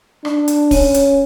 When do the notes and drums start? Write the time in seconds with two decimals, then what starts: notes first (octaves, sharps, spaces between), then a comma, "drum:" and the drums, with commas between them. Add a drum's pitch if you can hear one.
0.25 D4, drum: rim click
0.48 drum: hi-hat
0.71 C#4, drum: kick, open hi-hat
0.94 drum: hi-hat